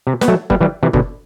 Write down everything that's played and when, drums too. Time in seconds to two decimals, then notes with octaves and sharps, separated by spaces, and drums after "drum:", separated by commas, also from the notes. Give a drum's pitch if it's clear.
0.07 C3
0.21 B3, drum: snare
0.28 F#3 A3
0.50 G3 B3, drum: kick
0.61 E3 G3
0.83 C3 E3
0.93 B2 D3, drum: kick